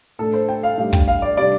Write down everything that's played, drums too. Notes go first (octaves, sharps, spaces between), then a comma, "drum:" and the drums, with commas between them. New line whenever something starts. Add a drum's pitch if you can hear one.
A2 A3 D4 A4
C5
G5
F5
A2 G3 D4 F5
G5, drum: kick
F5
D5
C3 G3 D4 D5